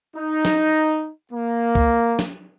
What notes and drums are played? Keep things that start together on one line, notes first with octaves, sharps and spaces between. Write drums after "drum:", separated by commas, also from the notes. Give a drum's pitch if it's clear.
D#4
drum: snare
A#3
drum: kick C#2
drum: snare